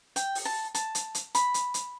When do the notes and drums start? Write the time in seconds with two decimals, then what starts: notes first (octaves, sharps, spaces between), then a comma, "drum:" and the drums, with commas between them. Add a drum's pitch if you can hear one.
0.16 G5, drum: hi-hat
0.35 drum: open hi-hat
0.45 A5
0.75 A5, drum: hi-hat
0.95 drum: hi-hat
1.15 drum: hi-hat
1.35 B5, drum: hi-hat
1.54 drum: hi-hat
1.74 drum: hi-hat